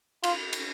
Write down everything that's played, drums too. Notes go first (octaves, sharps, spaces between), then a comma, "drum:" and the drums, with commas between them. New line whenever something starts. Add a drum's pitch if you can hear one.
F4, drum: cymbal
drum: cymbal